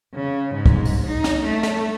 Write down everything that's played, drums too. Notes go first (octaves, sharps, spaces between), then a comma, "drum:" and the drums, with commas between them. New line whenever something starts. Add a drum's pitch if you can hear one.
C#3
G#2
drum: kick
drum: open hi-hat
D#4
drum: snare
A3
drum: snare